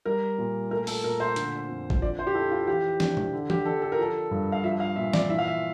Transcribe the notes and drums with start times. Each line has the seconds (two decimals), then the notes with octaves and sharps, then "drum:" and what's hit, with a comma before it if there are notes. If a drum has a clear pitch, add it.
0.05 G3 A#4
0.38 A#2
0.71 A3 A#4
0.87 A4, drum: open hi-hat
1.04 A#2 A#4
1.20 C5
1.36 D3, drum: hi-hat
1.69 F2
1.90 drum: kick G#1
2.02 F3 D5
2.19 C5
2.27 G4
2.34 E4 A4
2.51 F4
2.67 E3 G4
3.00 D4, drum: snare
3.17 drum: tom C3
3.33 D3
3.50 G4, drum: tom E3
3.66 D4 A4
3.82 A4
3.92 A#4
3.99 F3 A4
4.31 G2
4.52 F5
4.64 F3 E5
4.80 F5
4.96 A#2 E5
5.14 D5, drum: snare
5.29 E3 E5
5.39 F5
5.48 E5